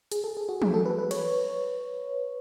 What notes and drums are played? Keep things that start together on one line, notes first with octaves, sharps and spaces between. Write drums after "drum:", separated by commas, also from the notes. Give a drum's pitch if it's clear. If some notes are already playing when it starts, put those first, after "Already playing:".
G#4, drum: hi-hat
A4
G#4
F#4
G#4, drum: tom E3
A4
B4
B4
C#5, drum: cymbal